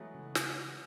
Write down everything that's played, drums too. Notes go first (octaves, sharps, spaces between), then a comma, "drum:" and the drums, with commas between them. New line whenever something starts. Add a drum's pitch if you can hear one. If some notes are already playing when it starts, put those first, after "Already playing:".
Already playing: E3 F#3 G#3 A3 B3
C#3
E4, drum: snare